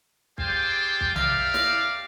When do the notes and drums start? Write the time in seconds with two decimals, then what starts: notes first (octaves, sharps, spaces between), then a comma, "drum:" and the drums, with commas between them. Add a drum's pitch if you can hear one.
0.38 G4 G#4 C5 D5 F5 G5, drum: kick
1.01 drum: kick
1.16 G4 A#4 D5 E5 F5, drum: tom B1
1.54 drum: snare